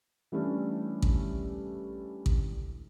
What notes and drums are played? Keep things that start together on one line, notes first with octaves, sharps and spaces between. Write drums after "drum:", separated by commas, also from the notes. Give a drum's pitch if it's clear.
E3 G3 A3 C#4 D4
drum: kick A1
drum: kick A1